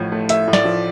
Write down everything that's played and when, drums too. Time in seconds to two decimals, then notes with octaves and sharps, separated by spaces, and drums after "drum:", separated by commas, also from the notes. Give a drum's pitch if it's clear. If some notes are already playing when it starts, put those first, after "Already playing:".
Already playing: A1 A2 F3
0.12 A3
0.29 A3 E5, drum: hi-hat
0.48 A2
0.53 D5, drum: snare
0.65 F3